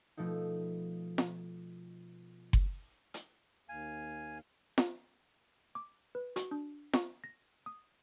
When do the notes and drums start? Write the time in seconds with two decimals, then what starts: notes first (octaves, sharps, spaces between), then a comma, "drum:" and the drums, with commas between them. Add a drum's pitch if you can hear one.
0.17 B2 F3 A3 D#4
1.18 drum: snare F4
2.53 drum: kick F#1
3.14 drum: hi-hat
3.69 D#2 F5 G#5
4.78 drum: snare F4
5.75 D6
6.15 B4
6.36 F#4, drum: hi-hat
6.51 D4
6.93 C#6, drum: snare F4
7.24 A#6
7.66 D#6